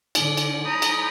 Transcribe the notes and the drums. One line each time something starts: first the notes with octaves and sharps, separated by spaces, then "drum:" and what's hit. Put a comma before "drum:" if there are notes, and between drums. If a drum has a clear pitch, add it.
D3, drum: cymbal
drum: cymbal
A#5 B5 D#6 G6
drum: cymbal